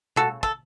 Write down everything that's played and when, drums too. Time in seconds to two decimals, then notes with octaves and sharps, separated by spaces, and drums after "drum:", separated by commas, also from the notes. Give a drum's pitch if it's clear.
0.16 C#3 F#4 A4, drum: tom B2
0.43 A4, drum: kick